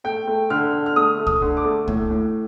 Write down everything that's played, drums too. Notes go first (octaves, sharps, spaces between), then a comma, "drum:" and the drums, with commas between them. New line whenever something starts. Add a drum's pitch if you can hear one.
A3 G5
A3
D3 F6
D3
F6
A3 D#6
A3
D#6, drum: kick
D3
D6
A3
A2, drum: kick
A2